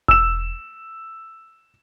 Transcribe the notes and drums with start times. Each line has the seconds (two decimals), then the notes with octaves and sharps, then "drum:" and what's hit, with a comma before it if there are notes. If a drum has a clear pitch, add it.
0.08 E6 E7, drum: kick E1